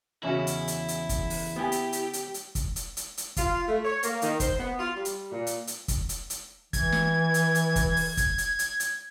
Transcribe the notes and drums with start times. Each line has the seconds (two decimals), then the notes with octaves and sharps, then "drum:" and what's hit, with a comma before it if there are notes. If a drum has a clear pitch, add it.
0.23 E2 C#3 C#4 E4 F#4 D#5
0.47 drum: hi-hat
0.68 drum: hi-hat
0.88 drum: hi-hat
1.09 drum: kick, hi-hat
1.30 drum: open hi-hat
1.56 B3 G4 F#5 G#5
1.72 drum: hi-hat
1.93 drum: hi-hat
2.13 drum: hi-hat
2.34 drum: hi-hat
2.55 drum: kick, hi-hat
2.76 drum: hi-hat
2.97 drum: hi-hat
3.18 drum: hi-hat
3.37 F4, drum: kick, hi-hat
3.67 A3
3.85 C#5
4.03 A#3, drum: hi-hat
4.22 D#3, drum: hi-hat
4.40 C5, drum: kick, hi-hat
4.59 B3
4.79 F4
4.95 G3
5.05 drum: hi-hat
5.31 A#2
5.47 drum: hi-hat
5.67 drum: hi-hat
5.88 drum: kick, hi-hat
6.09 drum: hi-hat
6.30 drum: hi-hat
6.73 E3 G#6, drum: kick, hi-hat
6.92 drum: snare
7.34 drum: hi-hat
7.55 drum: hi-hat
7.76 drum: kick, hi-hat
7.96 drum: open hi-hat
8.17 drum: kick, hi-hat
8.38 drum: hi-hat
8.59 drum: hi-hat
8.80 drum: hi-hat